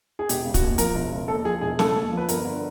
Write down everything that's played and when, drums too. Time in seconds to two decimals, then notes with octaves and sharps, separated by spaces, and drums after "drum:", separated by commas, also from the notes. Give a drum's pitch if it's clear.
0.19 G#4
0.29 E1 G4, drum: hi-hat
0.45 C#3
0.54 F#4, drum: kick, hi-hat
0.62 D#2
0.78 F3 A#4, drum: hi-hat
0.95 E1
1.12 C#3
1.28 D#2 A4
1.45 F3 G#4
1.61 E1 G#4
1.79 C#3 A4, drum: snare
1.95 D#2
2.12 F3
2.17 B4
2.29 G1 A#4, drum: hi-hat
2.45 D3